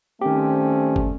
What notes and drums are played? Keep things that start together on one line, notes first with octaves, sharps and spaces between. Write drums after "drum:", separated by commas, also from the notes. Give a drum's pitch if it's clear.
D#3 G3 A3 C4 C#4 G4
drum: kick